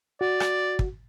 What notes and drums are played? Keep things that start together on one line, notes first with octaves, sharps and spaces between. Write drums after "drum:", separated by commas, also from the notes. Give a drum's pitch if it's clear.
F#4 D5
drum: rim click
drum: kick